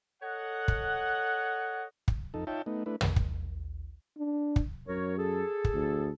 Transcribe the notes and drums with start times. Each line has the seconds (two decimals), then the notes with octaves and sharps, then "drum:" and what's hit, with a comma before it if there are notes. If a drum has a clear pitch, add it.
0.23 A4 C#5 D#5 F#5
0.68 drum: kick
2.08 drum: kick
2.34 F2 D#4 A4
2.47 D#4 F4 C#5 E5 G5 A5
2.66 A3 B3 D#4
2.86 A3 D4 E4 B4
3.01 drum: tom
3.16 drum: kick
4.17 D4
4.56 drum: kick
4.88 F#2 A#4 C#5
5.18 G#4 A4
5.64 drum: kick
5.74 D2